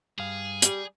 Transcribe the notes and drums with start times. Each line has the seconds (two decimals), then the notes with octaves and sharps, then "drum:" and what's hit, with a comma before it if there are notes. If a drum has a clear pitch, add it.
0.18 G2 G#4 F5
0.62 G3, drum: hi-hat